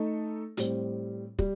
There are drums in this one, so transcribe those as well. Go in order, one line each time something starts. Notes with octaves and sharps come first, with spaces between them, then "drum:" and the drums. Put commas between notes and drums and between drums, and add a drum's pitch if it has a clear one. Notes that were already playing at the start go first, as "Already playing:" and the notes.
Already playing: A3 D#4 A4
A2 G3 C4, drum: hi-hat
G3, drum: kick